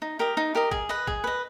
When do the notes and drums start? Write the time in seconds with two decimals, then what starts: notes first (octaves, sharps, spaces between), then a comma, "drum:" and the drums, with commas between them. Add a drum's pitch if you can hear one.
0.02 D#4
0.19 G4 A#4 D#5
0.37 D#4
0.55 G4 A#4 D#5
0.71 G#4, drum: kick
0.89 B4 D#5
1.07 G#4, drum: kick
1.24 B4 D#5